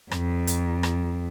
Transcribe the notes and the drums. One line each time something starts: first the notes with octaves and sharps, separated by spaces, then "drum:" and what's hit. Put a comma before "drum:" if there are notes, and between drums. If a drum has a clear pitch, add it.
F2, drum: rim click
drum: hi-hat
drum: rim click